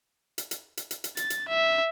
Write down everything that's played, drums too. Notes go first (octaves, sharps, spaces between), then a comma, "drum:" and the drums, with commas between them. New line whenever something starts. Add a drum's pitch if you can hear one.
drum: hi-hat
drum: hi-hat
drum: hi-hat
drum: hi-hat
drum: hi-hat
A6, drum: hi-hat
drum: hi-hat
E5